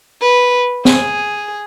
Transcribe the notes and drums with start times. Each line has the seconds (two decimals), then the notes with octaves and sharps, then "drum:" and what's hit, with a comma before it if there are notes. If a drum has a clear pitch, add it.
0.21 B4
0.85 G#4, drum: snare